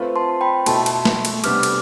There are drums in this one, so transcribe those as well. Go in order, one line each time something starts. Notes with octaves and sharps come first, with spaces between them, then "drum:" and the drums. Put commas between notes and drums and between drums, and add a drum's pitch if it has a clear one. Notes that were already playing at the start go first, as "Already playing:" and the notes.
Already playing: A3 C4 F4 B4
A5 C6
G5 B5
B2 A3 E4 A4 A5 C6, drum: cymbal
drum: cymbal
drum: snare
drum: cymbal
C3 G3 B3 D4 D6 F6, drum: cymbal
drum: cymbal